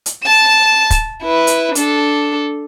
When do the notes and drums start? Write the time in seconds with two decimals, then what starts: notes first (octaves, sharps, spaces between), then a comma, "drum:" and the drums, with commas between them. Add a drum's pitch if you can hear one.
0.06 drum: hi-hat
0.24 A5 E7
0.90 drum: kick, hi-hat
1.23 E4 B4
1.47 drum: hi-hat
1.75 D4 A4, drum: hi-hat